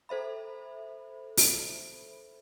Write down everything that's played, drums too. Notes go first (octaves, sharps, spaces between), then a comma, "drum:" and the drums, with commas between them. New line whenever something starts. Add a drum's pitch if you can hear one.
A4 C5 E5 B5
drum: open hi-hat